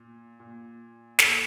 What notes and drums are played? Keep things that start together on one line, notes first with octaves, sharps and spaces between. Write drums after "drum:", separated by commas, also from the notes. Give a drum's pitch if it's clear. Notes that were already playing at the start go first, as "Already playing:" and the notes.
Already playing: A#2
A#2
A#2 A4, drum: snare